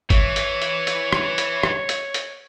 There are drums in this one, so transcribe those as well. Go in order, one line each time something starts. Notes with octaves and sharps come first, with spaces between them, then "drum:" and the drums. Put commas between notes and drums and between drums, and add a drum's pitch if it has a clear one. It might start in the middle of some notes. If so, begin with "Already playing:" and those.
E3 C#5, drum: kick G1, hi-hat
drum: hi-hat
drum: hi-hat
drum: hi-hat
drum: rim click
drum: hi-hat
drum: rim click
drum: hi-hat
drum: hi-hat